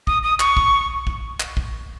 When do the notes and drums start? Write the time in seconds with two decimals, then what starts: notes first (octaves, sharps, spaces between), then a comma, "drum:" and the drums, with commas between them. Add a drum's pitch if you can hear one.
0.07 D#6, drum: kick A#1
0.23 D#6
0.40 C#6, drum: clap
0.57 drum: kick A#1
1.07 drum: kick A#1
1.40 drum: clap
1.57 drum: kick A#1